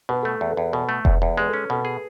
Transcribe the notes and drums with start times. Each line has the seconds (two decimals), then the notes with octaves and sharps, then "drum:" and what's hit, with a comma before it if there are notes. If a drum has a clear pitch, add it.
0.09 B2 B4
0.23 A3 A4
0.41 E2
0.51 A4
0.57 E2
0.73 B2 A4
0.89 A3
1.05 E2, drum: kick F1
1.22 E2
1.37 G#3 B4
1.49 C#4 A4
1.70 B2 A4
1.85 G#4